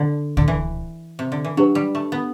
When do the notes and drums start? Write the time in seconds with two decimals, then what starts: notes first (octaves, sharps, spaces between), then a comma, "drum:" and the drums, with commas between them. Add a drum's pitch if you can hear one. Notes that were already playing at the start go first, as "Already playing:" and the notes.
Already playing: D3
0.37 D3, drum: kick C#2
0.48 E3
1.19 C3
1.32 D3
1.44 E3
1.57 F#3 D4 G4 B4
1.75 G3
1.95 A3
2.12 B3